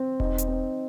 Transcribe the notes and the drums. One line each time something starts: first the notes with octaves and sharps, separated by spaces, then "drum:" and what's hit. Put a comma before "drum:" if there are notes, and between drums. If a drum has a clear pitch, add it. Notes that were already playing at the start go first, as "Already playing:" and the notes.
Already playing: C4
D#4, drum: kick E1
drum: hi-hat
C4